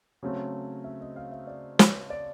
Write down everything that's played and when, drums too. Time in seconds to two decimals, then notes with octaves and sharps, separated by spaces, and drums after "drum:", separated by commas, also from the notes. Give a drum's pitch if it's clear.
0.23 C#3 F#3 A3 C4
0.84 E5
1.01 D#5
1.16 F5
1.31 E5
1.47 D5
1.79 C#5, drum: snare
2.10 D5